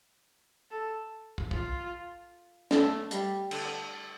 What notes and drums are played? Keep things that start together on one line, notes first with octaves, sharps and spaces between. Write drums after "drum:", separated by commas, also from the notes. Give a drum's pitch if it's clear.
A4
drum: kick
F4, drum: kick
A3, drum: snare
G3, drum: hi-hat
D3, drum: cymbal